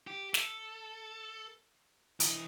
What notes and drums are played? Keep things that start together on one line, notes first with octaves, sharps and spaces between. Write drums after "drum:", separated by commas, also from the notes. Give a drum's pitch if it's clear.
G4
A4, drum: snare
E3 D#5, drum: hi-hat